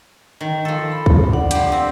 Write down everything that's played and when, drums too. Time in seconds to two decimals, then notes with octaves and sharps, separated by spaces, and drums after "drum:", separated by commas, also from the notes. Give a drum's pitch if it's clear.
0.41 D#3
0.65 F3 A4
0.92 B5
1.06 drum: kick
1.31 D4 D5 F#5
1.51 F3 G4, drum: hi-hat
1.72 C4